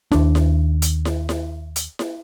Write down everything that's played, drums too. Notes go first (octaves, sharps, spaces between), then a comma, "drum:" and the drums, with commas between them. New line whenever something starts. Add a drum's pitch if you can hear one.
D#2 D4, drum: snare E4
drum: snare E4
drum: hi-hat
drum: snare E4
drum: snare E4
drum: hi-hat
drum: snare E4